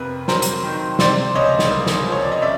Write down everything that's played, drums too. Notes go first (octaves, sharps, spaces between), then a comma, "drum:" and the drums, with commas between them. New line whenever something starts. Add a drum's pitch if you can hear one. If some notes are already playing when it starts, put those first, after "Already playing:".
Already playing: F2 C3 A#4 B4
F#3 A#4 C5, drum: snare
drum: hi-hat
D#3
C3 C5 D5, drum: snare
C#2 C#5 D#5
drum: snare
A#3
drum: snare
F3
C#5
D5
D#5
C#3 D5 E5